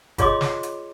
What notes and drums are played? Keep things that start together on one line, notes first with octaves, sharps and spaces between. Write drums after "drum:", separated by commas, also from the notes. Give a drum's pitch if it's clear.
F4 G#4 C#5 D#5 C6 D6, drum: kick, hi-hat
drum: snare
drum: hi-hat